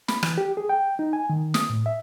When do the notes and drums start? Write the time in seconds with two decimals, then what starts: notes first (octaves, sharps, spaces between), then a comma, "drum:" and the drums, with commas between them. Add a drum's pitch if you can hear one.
0.08 B5, drum: snare
0.23 E3, drum: rim click
0.38 G4
0.57 G#4
0.69 G5
0.99 D#4
1.13 G#5
1.30 D#3
1.54 D#6, drum: snare
1.70 A2
1.86 E5